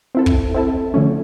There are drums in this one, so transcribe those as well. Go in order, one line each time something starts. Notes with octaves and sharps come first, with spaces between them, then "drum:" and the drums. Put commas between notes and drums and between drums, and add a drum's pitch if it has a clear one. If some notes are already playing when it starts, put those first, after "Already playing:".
C4 E4 A4
drum: kick
C4 E4 A4
D3 F3 A3 C#4